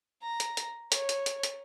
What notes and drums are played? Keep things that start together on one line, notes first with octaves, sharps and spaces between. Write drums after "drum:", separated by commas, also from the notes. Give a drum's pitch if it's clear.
A#5
drum: hi-hat
drum: hi-hat
C#5, drum: hi-hat
drum: hi-hat
drum: hi-hat
drum: hi-hat